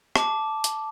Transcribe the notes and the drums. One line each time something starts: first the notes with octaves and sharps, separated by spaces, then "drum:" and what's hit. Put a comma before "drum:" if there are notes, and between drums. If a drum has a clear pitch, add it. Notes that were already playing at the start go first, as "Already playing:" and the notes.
A5 D6, drum: rim click
drum: hi-hat